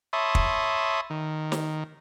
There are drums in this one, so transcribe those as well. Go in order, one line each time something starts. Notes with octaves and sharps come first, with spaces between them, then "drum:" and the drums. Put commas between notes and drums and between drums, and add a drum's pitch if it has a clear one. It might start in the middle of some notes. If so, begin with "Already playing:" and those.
C#5 E5 A5 B5 C6 D#6
drum: kick
D#3
drum: snare